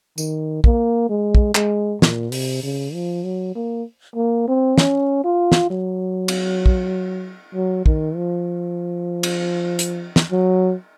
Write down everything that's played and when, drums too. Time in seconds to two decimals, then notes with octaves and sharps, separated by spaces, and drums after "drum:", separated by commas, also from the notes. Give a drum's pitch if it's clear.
0.18 D#3, drum: tambourine
0.64 A#3, drum: kick
1.10 G#3
1.35 drum: kick
1.55 G#3, drum: clap
2.02 A#2, drum: snare
2.32 C3, drum: open hi-hat
2.64 C#3
2.94 F3
3.24 F#3
3.55 A#3
4.16 A#3
4.48 C4
4.78 C#4, drum: snare
5.24 F4
5.52 drum: snare
5.70 F#3
6.28 drum: cymbal
6.66 drum: kick
7.54 F#3
7.86 D#3, drum: kick
8.16 F3
9.23 drum: cymbal
9.79 drum: hi-hat
10.16 drum: snare
10.32 F#3